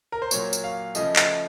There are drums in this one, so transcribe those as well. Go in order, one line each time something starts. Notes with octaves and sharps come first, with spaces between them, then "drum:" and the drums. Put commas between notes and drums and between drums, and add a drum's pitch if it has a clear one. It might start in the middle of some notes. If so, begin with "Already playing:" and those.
A#4
C5
A#2 F#3 A#3 C#5, drum: tambourine
drum: tambourine
F5
C#3 F3 A3 D#5, drum: tambourine
D#5, drum: clap